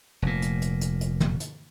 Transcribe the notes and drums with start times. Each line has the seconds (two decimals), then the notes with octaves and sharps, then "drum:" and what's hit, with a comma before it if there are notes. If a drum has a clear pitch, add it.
0.22 F1 A#2
0.42 drum: hi-hat
0.62 drum: hi-hat
0.81 drum: hi-hat
1.01 drum: hi-hat
1.20 drum: tom
1.40 drum: hi-hat